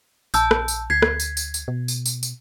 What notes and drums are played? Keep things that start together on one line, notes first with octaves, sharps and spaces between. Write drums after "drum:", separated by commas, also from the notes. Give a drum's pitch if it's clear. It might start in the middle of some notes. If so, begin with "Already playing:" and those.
A#1 A5 E6 G6, drum: tambourine
drum: rim click
drum: tambourine
D2 G#6 B6 C7
drum: rim click
drum: tambourine
drum: tambourine
drum: tambourine
B2
drum: tambourine
drum: tambourine
drum: tambourine